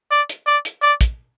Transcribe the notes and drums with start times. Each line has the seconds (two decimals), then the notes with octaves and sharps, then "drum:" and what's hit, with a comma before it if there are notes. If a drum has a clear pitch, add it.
0.11 D5
0.29 drum: hi-hat
0.47 D5
0.65 drum: hi-hat
0.82 D5
1.01 drum: kick, hi-hat